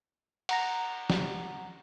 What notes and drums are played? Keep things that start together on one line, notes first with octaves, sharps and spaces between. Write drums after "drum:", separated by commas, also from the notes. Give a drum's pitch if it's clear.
F#5 A#5 A#6, drum: cymbal
drum: snare